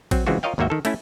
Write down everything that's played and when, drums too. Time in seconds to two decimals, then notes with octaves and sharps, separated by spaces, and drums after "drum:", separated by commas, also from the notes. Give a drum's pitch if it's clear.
0.11 F#3 C4, drum: kick A#1, cymbal
0.26 C#3 E3 G#3 C4 F4 F#4
0.43 F4 A#4 C#5 D#5 F5 G5
0.58 D#2 G#2 A#3 F#4 E5 G5
0.70 D#3 A4
0.85 A3 C#4 E4, drum: cymbal